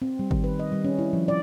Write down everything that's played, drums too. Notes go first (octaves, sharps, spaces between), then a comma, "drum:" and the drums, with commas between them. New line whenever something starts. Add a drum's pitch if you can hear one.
C4
G3
D#3, drum: kick G#1
B4
D#5
G3
C#4
E4
F3
D5